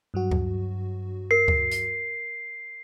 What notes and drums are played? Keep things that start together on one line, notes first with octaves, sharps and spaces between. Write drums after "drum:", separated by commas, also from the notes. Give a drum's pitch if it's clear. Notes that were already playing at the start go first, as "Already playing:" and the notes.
G2 F#3 F#4
drum: kick D2
A#4 C7
drum: kick D2
drum: hi-hat